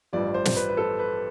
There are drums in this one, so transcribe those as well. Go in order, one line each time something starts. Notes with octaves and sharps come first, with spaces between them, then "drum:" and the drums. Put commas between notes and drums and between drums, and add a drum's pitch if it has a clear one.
A1 G2 F3 D5
C5
drum: snare
B4
B4
A4
B4